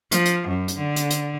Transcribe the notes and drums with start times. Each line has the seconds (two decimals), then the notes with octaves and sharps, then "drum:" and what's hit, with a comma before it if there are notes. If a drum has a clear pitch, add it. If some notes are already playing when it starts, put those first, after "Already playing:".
0.11 F3, drum: hi-hat
0.25 drum: hi-hat
0.48 F#2
0.68 drum: hi-hat
0.78 D3
0.96 drum: hi-hat
1.10 drum: hi-hat